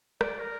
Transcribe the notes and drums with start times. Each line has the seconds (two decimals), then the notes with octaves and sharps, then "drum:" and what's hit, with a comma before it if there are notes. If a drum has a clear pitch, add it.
0.21 D5, drum: rim click
0.39 A#4